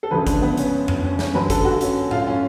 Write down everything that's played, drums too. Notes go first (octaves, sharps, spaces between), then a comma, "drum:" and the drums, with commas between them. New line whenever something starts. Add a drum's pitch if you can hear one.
A4
D2 C#3 F3 B4
D4, drum: kick, hi-hat
B3
C#4, drum: hi-hat
drum: tom F2
C#4
C#4, drum: snare
F#2 D3 F#3 B4
A4, drum: kick, hi-hat
F#4
C#4, drum: hi-hat
F4, drum: tom A2
C#4